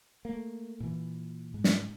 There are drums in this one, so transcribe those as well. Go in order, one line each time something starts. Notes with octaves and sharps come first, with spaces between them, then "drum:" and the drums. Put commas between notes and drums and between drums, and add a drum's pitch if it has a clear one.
A3 A#3
A#2 E3
G#2
drum: snare